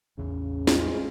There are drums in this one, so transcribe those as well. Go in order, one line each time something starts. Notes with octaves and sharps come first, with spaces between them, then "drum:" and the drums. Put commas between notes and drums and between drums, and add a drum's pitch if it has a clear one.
A1 E2 C#3 C#4
C2 G#3 F4, drum: snare